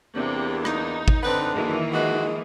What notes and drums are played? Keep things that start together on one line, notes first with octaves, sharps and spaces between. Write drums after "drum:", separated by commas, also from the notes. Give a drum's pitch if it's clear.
E2 C3 A#3 D4
D#4, drum: rim click
drum: kick G#1
D3 C4 B4
D#3 E3 F#3 G#3 A#3
F3 G#3 F#4